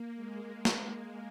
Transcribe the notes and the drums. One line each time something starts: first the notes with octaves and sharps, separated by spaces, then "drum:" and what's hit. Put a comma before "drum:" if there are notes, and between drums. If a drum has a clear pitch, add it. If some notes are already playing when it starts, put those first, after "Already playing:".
Already playing: A#3
G#3
drum: snare